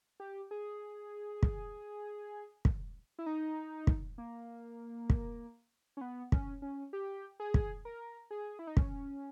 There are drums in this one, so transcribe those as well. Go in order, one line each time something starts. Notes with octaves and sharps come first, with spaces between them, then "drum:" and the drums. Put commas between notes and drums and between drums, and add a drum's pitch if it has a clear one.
G4
G#4
drum: kick
drum: kick
E4
D#4
drum: kick
A#3
drum: kick
C#4
B3
C#4, drum: kick
C#4
G4
G#4
drum: kick
A#4
G#4
E4
D#4
C#4, drum: kick